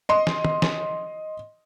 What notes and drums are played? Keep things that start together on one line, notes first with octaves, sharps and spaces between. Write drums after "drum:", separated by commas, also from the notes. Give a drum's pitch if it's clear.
D#5 C6
drum: snare
drum: tom
drum: snare